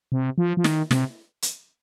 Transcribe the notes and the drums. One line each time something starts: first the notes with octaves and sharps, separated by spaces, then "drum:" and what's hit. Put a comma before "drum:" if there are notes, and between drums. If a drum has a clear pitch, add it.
C3
F3
F3
D#3, drum: snare
C3, drum: snare
drum: hi-hat